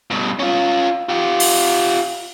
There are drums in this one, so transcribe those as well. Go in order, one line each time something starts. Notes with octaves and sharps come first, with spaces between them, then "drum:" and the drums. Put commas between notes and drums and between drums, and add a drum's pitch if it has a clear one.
G2 B2
C#4 F4
F4 G4
drum: open hi-hat